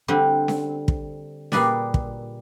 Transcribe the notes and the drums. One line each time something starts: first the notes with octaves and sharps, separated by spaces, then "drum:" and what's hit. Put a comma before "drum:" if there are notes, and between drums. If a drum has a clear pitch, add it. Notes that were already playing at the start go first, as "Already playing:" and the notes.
D3 G3 C4
drum: snare C#4
drum: kick
A#2 G3 G#4 B4 D5 G#5, drum: snare C#4
drum: kick